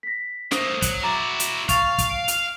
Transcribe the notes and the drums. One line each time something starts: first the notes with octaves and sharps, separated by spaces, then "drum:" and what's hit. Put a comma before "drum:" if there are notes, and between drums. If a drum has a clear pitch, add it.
A#6 B6
A3 A#3 C5 D#6, drum: snare
F#3, drum: kick, hi-hat
E4 F#4 A#5 D6 A6
drum: hi-hat
F5 C#6 A6 F7, drum: kick, hi-hat
drum: kick, hi-hat
D7
drum: hi-hat